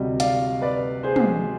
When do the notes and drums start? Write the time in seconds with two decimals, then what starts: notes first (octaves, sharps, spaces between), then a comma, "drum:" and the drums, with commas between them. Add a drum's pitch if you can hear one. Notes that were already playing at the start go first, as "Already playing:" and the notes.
Already playing: D2 C3 G3 D#5
0.20 D5 F5, drum: hi-hat
0.62 B4 D5
1.03 G#4 C5
1.16 drum: tom